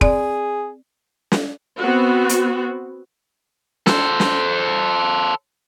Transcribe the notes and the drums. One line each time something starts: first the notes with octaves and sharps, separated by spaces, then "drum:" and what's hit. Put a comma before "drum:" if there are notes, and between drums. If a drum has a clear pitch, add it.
C4 G#4 D5, drum: kick
drum: snare
B3 C4 F#4
drum: hi-hat
A4 C5, drum: snare
drum: snare